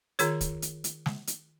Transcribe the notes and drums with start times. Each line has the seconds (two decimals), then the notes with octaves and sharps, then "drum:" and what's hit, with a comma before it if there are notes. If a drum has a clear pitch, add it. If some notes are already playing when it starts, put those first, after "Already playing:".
0.19 D#3 F4 G#4 C#5, drum: hi-hat
0.41 drum: kick, hi-hat
0.62 drum: hi-hat
0.84 drum: hi-hat
1.06 drum: snare
1.27 drum: hi-hat